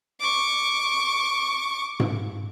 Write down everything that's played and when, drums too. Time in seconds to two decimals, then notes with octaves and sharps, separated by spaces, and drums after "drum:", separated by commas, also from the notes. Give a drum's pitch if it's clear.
0.20 C#6 D6
2.00 drum: tom G#2